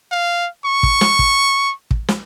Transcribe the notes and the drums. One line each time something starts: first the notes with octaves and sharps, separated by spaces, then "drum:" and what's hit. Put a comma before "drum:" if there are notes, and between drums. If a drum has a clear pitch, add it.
F5
C#6
drum: kick
drum: snare
drum: kick
drum: kick
drum: snare